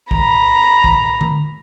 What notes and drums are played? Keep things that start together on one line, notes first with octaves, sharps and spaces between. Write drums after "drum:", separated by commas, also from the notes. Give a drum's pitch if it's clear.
A#5 B5, drum: kick
drum: kick
drum: tom D3